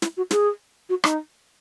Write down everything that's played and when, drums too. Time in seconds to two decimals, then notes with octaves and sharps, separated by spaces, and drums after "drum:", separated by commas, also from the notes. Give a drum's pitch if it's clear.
0.02 E4, drum: snare
0.17 F#4
0.31 G#4, drum: snare
0.89 F#4
1.04 D#4, drum: rim click